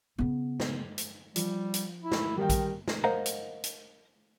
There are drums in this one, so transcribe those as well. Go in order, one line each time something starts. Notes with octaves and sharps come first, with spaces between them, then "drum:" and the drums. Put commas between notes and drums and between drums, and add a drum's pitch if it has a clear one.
C#3 B3
drum: snare
drum: hi-hat
F3 G3, drum: hi-hat
drum: hi-hat
E4
drum: snare
D#3 G3 G5
drum: kick A#1, hi-hat
drum: snare
A#4 C5 D#5 F5 F#5 A#5
drum: hi-hat
drum: hi-hat